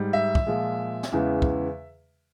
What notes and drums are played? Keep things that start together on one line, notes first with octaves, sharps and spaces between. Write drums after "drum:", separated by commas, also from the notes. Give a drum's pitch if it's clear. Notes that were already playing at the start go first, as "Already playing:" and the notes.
Already playing: G#2 G3
E5
drum: kick
A#2 F3 G#3
drum: snare
E2 C#3 E3 G#3
drum: kick